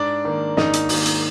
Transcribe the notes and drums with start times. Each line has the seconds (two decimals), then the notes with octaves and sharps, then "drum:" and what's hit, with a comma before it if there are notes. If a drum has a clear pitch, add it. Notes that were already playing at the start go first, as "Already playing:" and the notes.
Already playing: G#2 D4 D5
0.25 D#3 A#3
0.57 G#2 D#4 D#5, drum: snare
0.73 drum: hi-hat
0.89 D#3, drum: open hi-hat
0.94 A#3
1.06 drum: hi-hat